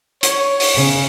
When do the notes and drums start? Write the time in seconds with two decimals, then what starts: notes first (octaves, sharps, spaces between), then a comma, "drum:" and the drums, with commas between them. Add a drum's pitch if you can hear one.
0.23 C#5, drum: hi-hat
0.60 drum: open hi-hat
0.75 C#3